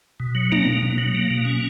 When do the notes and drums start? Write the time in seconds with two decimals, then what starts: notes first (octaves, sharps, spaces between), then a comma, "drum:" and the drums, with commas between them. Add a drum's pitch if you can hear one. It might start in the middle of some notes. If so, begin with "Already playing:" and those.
0.20 B2
0.35 F#3
0.52 A#3, drum: tom
0.66 B2
0.83 B2
0.98 F#3
1.15 A#3
1.30 B2
1.45 C#4